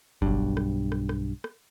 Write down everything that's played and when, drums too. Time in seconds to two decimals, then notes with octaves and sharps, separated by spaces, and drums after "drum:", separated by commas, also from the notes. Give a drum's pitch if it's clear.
0.22 B1 G2, drum: kick F#1
0.57 drum: rim click
0.92 drum: rim click
1.09 drum: rim click
1.44 drum: rim click